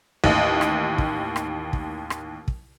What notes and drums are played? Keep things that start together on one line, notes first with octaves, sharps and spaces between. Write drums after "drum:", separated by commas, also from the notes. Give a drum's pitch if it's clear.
A1 D#2, drum: kick
drum: rim click
drum: kick
drum: rim click
drum: kick
drum: rim click
drum: kick